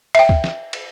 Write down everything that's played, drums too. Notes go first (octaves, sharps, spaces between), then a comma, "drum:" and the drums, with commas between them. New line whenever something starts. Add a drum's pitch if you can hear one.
E5 G5, drum: cymbal
drum: kick C#2
drum: snare
drum: cymbal